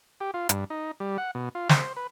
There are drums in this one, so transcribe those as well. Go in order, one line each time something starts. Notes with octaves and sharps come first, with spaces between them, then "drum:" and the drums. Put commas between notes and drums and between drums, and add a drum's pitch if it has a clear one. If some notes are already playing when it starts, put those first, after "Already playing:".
G4
F4
G2, drum: hi-hat
D#4
G3
F#5
B2
F4
C5, drum: snare
B4